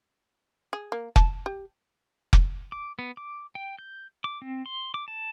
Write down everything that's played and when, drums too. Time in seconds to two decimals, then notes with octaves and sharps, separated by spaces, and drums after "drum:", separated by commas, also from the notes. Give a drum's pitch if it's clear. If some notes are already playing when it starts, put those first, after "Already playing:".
0.73 G#4
0.92 A#3
1.16 A5, drum: kick F1
1.46 G4
2.33 drum: kick F1
2.72 D6
2.99 B3
3.17 D6
3.55 G5
3.79 G6
4.24 D6
4.42 C4
4.66 C6
4.94 D6
5.08 A5